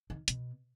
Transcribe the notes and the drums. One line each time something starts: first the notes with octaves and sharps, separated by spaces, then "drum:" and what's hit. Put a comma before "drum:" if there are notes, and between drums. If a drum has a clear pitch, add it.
D#3
B2, drum: hi-hat